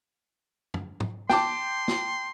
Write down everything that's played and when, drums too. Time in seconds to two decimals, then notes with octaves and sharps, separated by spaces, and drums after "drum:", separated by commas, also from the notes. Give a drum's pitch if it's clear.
0.74 drum: tom
1.00 drum: tom
1.29 G5 A5 C6 D6, drum: snare
1.88 drum: snare